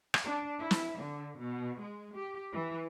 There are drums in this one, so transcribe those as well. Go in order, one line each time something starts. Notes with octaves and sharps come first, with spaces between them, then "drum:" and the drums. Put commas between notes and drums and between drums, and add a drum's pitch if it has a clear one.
drum: rim click
D4
E4
drum: snare
D3
B2
G#3
G4
E3